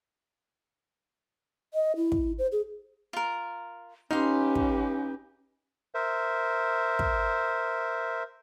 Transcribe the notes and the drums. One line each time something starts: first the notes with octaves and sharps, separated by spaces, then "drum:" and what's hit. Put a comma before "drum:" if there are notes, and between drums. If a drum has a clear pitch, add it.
D#5
E4
drum: kick
C5
G#4
F4 A#4
C#4 D#4 G4 B4 F5 C6
drum: kick
A#4 C5 E5
drum: kick